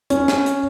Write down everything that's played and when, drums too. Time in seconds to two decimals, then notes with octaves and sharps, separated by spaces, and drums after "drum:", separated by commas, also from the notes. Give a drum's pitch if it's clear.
0.10 C#4, drum: hi-hat
0.28 drum: snare
0.46 drum: hi-hat